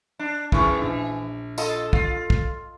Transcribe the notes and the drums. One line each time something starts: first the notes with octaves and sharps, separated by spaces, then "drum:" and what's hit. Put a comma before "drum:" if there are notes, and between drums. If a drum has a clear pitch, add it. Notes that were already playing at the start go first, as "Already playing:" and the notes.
D4
F#1 D#3 E3 C#6, drum: kick
A#1
F4 A4 D#5, drum: tambourine
F4, drum: kick
drum: kick